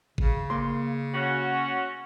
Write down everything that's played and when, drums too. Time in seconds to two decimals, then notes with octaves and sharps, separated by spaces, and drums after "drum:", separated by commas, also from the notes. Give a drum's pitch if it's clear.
0.18 C#3, drum: kick G#1
0.50 A#3 C6
1.13 C#4 F#4